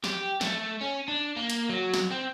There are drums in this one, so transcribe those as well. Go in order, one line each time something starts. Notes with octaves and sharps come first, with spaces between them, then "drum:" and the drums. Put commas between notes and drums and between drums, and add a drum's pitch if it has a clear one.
G4, drum: snare
A3, drum: snare
C#4
D4
A#3
drum: hi-hat
F#3
drum: snare
C4